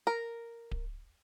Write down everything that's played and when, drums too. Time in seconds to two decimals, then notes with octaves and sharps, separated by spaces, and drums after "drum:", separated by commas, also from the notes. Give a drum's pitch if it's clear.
0.07 A#4
0.71 drum: kick D1